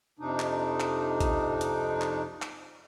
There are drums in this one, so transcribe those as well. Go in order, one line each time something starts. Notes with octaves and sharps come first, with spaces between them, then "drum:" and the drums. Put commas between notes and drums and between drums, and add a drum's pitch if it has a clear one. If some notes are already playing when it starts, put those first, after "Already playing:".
F2 C3 D4 D#4
drum: clap
drum: clap
drum: kick A1, hi-hat
drum: hi-hat
drum: clap
drum: clap